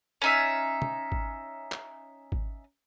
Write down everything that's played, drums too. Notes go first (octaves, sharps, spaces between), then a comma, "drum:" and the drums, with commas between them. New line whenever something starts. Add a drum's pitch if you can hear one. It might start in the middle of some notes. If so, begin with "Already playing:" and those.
C#4 D#4 E5
drum: tom
drum: kick G#1
drum: clap
drum: kick G#1